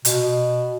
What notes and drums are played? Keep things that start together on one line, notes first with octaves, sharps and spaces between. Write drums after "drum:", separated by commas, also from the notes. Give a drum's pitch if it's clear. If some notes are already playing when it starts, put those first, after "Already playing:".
B2, drum: hi-hat